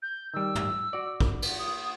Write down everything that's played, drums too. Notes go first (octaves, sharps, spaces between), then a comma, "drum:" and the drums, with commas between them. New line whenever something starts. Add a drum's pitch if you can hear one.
G6
D#3 G3 E6
drum: tom
F#4 D5
drum: kick
drum: cymbal
D#6